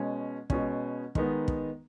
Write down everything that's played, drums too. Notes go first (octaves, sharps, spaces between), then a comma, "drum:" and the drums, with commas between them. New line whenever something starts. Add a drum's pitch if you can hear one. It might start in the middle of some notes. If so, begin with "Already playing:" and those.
Already playing: B2 G#3 C#4
B2 G#3 C#4, drum: kick
D#3 G#3 B3 D#4, drum: kick
drum: kick